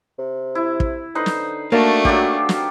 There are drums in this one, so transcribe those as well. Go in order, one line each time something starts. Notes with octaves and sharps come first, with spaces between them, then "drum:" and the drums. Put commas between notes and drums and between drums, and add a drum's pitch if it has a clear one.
C3
E4
drum: kick
D3 D#4 B4 C5
drum: snare
A3 A#3 D4 F#4 A5
F#3 F4 G4, drum: kick
drum: snare